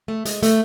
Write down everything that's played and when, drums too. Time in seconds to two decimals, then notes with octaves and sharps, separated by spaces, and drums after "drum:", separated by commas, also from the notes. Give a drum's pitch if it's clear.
0.08 A3
0.25 G#3, drum: hi-hat
0.43 A3, drum: hi-hat